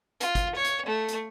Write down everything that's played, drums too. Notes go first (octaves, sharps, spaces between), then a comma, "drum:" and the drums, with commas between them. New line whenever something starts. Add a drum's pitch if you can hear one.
F4, drum: hi-hat
drum: kick, hi-hat
C#5
drum: hi-hat
A3
drum: hi-hat